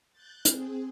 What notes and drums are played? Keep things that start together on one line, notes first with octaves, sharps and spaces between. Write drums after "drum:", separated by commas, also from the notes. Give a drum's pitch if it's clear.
F#6 G6 A6
C4 G#4, drum: hi-hat